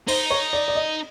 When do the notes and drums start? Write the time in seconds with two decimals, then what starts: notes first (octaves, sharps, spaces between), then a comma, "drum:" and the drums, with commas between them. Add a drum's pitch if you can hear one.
0.08 D#4 C5, drum: open hi-hat
0.30 C#5
0.53 D5
0.68 D5
0.76 D#5